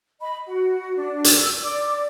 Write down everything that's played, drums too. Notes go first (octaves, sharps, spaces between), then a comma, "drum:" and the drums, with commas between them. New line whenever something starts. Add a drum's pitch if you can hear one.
D#5 B5
F#4
D4
drum: hi-hat
E6
D5 D6